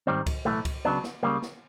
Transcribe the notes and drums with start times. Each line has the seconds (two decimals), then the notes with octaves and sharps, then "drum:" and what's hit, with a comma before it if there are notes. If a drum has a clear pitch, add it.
0.07 G#2 D#3 G3 C4
0.26 drum: kick C#2, cymbal
0.45 B1 A2 E3 A3
0.65 drum: kick C#2, cymbal
0.85 C#3 F#3 B3 D4
1.04 drum: snare
1.23 C#2 C#3 E3 G3 A#3
1.42 drum: snare